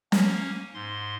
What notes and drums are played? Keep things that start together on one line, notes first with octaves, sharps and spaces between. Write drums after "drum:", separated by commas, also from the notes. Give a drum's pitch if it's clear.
A#3 C#4, drum: snare
G#2 C6